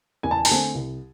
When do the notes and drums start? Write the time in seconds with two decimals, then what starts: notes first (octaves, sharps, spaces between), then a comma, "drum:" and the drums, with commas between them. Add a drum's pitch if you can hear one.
0.23 E2 G#5
0.31 A5
0.38 G#5
0.45 A5, drum: open hi-hat
0.49 D3 A3 C4 G#5
0.75 C2